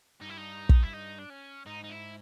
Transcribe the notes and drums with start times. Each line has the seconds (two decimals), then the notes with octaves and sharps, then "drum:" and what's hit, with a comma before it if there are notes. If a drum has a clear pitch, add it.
0.21 G2 D#4
0.29 E4
0.37 D#4
0.69 drum: kick
0.83 E4
0.94 D#4
1.19 D4
1.30 C#4
1.66 G#2 D#4
1.84 D#4
1.90 E4